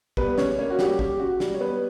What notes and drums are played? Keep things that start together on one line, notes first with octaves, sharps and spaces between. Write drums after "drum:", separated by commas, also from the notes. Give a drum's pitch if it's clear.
G3 B3 B4, drum: kick
C#3 C#4 C#5, drum: snare
A#3 C#4 C#5
F#4
G3 G4, drum: snare
C#3 G4, drum: kick
C#3 F#4
G3, drum: snare
C#5
G3 B3 B4